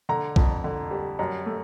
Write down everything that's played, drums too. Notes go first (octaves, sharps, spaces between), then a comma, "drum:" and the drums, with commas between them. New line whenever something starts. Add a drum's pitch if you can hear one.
D3 A#5
F2, drum: kick B1
D3
G3
F#2 A#5
A3